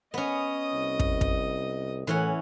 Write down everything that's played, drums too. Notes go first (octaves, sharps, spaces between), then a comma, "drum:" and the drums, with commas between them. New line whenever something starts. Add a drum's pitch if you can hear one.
B3 C#4 D#5 D#6
C2
drum: kick
drum: kick
A2 E3 C#4 F#5